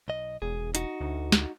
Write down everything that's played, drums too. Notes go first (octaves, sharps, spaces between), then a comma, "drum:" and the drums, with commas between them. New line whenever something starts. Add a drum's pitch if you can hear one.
B1 D#5
E1 G#4
D#4 F#4, drum: hi-hat
D2
drum: snare